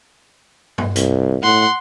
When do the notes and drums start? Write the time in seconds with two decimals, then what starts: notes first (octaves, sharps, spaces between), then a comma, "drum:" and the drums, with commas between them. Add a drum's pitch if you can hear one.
0.78 drum: tom G2
0.96 C2, drum: hi-hat
1.43 A2 F#5 C6